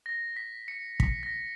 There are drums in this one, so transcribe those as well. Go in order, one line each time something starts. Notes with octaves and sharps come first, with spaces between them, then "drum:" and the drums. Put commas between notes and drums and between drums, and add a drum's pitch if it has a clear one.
A#6
B6
C#7
B6, drum: kick
A#6